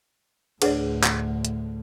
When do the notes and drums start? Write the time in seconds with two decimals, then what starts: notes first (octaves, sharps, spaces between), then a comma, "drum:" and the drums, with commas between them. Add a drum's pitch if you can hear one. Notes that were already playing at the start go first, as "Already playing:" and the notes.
0.62 D2 A2 D4 G#4 B4 C#5 D5 F#5, drum: cymbal
1.04 F#5, drum: clap
1.45 drum: hi-hat